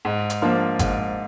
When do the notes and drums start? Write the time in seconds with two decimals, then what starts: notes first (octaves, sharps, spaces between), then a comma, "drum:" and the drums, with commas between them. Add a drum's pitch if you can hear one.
0.05 G#2
0.30 drum: hi-hat
0.42 F3 A#3 D4 F4
0.79 G#2, drum: kick G1, hi-hat